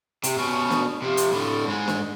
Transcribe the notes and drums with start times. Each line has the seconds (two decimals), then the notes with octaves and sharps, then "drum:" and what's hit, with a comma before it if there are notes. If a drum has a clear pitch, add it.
0.23 C3, drum: hi-hat
0.38 B2 C#4
0.70 drum: snare
1.02 C3 F3
1.17 drum: hi-hat
1.32 A2 D3
1.65 G#2 G#3
1.88 drum: snare